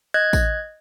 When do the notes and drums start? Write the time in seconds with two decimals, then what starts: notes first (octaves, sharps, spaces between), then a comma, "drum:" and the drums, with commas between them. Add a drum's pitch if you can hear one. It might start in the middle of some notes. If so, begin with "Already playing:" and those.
0.14 D#5 F#6 G#6
0.33 drum: kick A1, tambourine